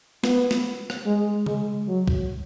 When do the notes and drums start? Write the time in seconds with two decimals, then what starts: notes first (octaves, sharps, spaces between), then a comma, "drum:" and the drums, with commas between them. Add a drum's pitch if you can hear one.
0.24 B3, drum: snare
0.51 drum: snare
0.90 drum: rim click
1.06 G#3
1.46 G#3, drum: tom C#3
1.88 F#3
2.08 drum: kick